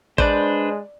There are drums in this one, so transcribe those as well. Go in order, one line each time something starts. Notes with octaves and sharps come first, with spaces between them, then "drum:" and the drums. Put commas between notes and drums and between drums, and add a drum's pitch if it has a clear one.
G#3 D4 B4 C5 D5, drum: kick A1